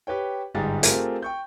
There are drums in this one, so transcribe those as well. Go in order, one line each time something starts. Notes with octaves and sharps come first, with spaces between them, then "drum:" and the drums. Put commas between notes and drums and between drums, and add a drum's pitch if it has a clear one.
G4 B4 C#5 G5
G1 G#2 G3 G4 G#4 A6
A3 C4 F4 G4 G#4 A#4, drum: hi-hat
G5 C#6 G6